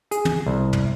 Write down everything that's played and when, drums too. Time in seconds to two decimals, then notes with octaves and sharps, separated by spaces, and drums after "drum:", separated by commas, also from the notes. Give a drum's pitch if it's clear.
0.11 G#4, drum: hi-hat
0.25 drum: tom
0.46 C2
0.73 drum: tom